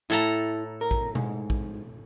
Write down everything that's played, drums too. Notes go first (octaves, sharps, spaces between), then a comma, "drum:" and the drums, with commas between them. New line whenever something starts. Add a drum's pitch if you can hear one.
A2 E4 A4 A#5
A#4
drum: kick A#1
G#2, drum: tom B2
drum: kick A#1